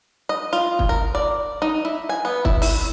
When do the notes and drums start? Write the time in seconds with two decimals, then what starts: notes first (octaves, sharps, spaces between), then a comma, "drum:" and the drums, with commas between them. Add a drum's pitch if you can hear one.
0.29 D#5
0.53 F4
0.79 drum: kick
0.89 A#4
1.15 D5
1.62 D#4
1.85 E4
2.09 G#5
2.25 B3
2.45 E4, drum: kick
2.62 E4, drum: open hi-hat